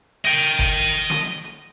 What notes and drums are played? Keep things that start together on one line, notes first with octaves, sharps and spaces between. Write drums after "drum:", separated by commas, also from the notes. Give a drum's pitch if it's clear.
D#5 G5, drum: hi-hat
drum: hi-hat
drum: kick G1, open hi-hat
drum: hi-hat
drum: hi-hat
drum: snare
drum: hi-hat
drum: hi-hat